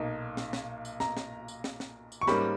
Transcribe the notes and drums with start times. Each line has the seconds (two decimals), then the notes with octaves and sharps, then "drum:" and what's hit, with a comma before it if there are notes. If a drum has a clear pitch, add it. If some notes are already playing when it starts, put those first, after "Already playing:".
Already playing: B1 A#2 A#3 D#4
0.37 drum: snare
0.53 drum: snare
0.85 drum: tambourine
1.00 A#5, drum: snare
1.17 drum: snare
1.48 drum: tambourine
1.64 drum: snare
1.80 drum: snare
2.12 drum: tambourine
2.21 C#6
2.27 G#2 G3 A#3 C#4 B5, drum: snare